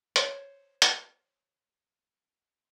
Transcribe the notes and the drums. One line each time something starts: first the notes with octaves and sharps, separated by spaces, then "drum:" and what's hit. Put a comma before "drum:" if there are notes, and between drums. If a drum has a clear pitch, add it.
C5 C#5, drum: hi-hat
drum: hi-hat